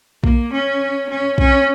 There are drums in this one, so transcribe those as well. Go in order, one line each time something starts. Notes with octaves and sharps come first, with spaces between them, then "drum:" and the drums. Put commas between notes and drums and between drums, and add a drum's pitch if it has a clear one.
A#3, drum: kick A#1
C#4
C#4
C#4, drum: kick A#1